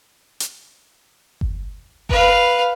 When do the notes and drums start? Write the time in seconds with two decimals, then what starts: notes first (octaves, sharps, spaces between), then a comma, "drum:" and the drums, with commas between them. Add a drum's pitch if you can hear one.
0.40 drum: hi-hat
1.41 drum: kick G1
2.09 B4 F5, drum: kick G1